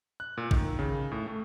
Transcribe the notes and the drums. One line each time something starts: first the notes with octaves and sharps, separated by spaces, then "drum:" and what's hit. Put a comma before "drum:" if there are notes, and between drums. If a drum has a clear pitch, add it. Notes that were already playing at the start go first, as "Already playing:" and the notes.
F#6
A#2
D#3, drum: kick A1
C#3
A2
A3